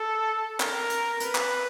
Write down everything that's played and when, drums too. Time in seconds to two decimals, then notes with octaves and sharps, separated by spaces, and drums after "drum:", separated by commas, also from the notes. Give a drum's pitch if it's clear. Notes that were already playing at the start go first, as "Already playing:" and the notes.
Already playing: A4
0.60 A#4, drum: clap
0.90 drum: hi-hat
1.20 B4, drum: hi-hat
1.35 drum: clap